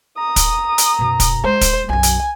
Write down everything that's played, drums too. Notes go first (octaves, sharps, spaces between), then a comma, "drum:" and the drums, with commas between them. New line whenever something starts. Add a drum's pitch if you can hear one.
A#5 D#6
drum: kick, hi-hat
drum: hi-hat
F#2 B2
drum: kick, hi-hat
G#3 C5
drum: kick, hi-hat
B1 F#2 G#5
drum: hi-hat